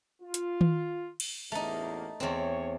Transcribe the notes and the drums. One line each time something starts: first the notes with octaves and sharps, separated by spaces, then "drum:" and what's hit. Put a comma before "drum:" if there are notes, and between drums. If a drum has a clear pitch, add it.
F4
drum: hi-hat
drum: tom D#3
drum: cymbal
A1 E2 A3 A#3 D#4
E2 C4 C#5